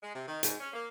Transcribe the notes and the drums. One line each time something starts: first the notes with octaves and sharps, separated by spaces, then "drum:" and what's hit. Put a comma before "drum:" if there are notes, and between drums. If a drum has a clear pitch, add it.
G#3
C3
D#3
G#2, drum: hi-hat
C#4
A#3